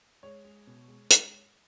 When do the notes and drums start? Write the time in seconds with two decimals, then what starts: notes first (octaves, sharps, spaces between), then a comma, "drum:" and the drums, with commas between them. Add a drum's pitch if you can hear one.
0.23 G#3 C#5
0.45 G#3
0.67 B2
0.88 G#3
1.10 G#3, drum: hi-hat